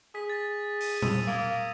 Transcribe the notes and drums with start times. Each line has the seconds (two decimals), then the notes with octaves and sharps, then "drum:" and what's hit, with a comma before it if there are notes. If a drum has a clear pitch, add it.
0.15 G#4 B6
0.30 A6
0.81 D#7, drum: open hi-hat
1.02 D#6 E6 D#7, drum: tom
1.27 A#3 D#6 G#6 A#6